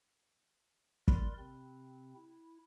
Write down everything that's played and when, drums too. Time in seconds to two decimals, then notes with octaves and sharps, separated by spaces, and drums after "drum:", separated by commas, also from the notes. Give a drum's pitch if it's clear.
1.08 A#4 D5 B5 C6 F#6, drum: kick
1.38 C3 C4
2.16 E4